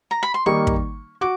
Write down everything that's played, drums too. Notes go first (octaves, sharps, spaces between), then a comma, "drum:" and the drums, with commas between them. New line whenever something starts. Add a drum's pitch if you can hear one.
A#5
B5
C6
D#3 G3 A#3 D#4 C#6
drum: kick
F#4 D6